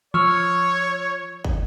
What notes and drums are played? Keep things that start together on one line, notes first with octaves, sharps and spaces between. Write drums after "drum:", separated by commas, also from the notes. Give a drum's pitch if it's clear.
F3 C#5 C#6 E6 F6
drum: kick